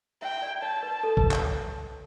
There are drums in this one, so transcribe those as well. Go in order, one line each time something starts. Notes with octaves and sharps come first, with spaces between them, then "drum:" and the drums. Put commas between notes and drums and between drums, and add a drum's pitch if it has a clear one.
E5 G5
D5
C#5 A5
B4
A4
B4, drum: kick C2
C#5, drum: clap